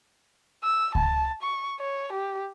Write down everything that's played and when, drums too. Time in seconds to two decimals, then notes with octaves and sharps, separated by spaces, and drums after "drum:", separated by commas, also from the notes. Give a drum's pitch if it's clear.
0.63 E6
0.95 A5, drum: kick C#2
1.42 C#6
1.80 C#5
2.12 G4